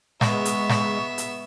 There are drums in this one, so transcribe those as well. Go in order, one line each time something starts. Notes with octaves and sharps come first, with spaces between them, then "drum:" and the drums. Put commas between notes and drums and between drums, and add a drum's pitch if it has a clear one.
G#3 B3 E5 C#6, drum: snare
drum: hi-hat
drum: snare
drum: hi-hat